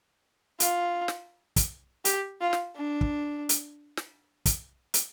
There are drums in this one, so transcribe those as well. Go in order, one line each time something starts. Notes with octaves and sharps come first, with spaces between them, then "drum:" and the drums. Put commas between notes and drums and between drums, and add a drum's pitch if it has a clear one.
F4, drum: hi-hat
drum: snare
drum: kick, hi-hat
G4, drum: hi-hat
F4
drum: snare
D4
drum: kick
drum: hi-hat
drum: snare
drum: kick, hi-hat
drum: hi-hat